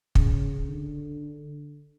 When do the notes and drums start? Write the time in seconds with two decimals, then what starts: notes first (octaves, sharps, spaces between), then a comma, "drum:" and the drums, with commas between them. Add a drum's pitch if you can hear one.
0.15 C#3, drum: kick
0.68 D3